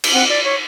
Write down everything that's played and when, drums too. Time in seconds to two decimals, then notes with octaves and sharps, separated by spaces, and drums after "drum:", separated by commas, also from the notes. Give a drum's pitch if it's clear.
0.04 drum: cymbal
0.13 C4 F#5
0.29 D5
0.44 C#5